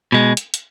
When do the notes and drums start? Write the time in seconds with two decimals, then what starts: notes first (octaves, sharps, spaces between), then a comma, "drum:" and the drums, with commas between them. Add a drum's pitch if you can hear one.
0.12 B2 G#3
0.37 drum: hi-hat
0.54 drum: hi-hat